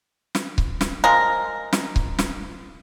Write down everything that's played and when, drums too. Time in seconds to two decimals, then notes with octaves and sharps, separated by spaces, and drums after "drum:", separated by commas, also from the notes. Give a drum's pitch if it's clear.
0.35 drum: snare
0.58 drum: kick C#1
0.81 drum: snare
1.04 F3 G#3 A#4
1.73 drum: snare
1.96 drum: kick C#1
2.19 drum: snare